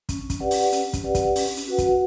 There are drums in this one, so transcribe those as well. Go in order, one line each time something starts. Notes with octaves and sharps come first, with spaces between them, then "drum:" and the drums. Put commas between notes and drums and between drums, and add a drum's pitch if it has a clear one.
C#4, drum: kick, hi-hat
drum: kick, hi-hat
G4 B4 D5 F#5
drum: open hi-hat
C#4, drum: hi-hat
drum: kick, hi-hat
G4 B4 D5 F#5
drum: kick, hi-hat
C#4, drum: open hi-hat
drum: hi-hat
F#4 B4 F#5
drum: kick, hi-hat